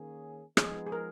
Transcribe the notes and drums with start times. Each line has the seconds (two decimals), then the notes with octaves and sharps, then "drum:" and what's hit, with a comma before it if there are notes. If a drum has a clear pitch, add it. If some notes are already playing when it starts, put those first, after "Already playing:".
Already playing: D#3 A#3 C#4 G#4
0.57 F3 G#3 B3 D#4 G#4, drum: rim click
0.87 G#4
0.92 A#4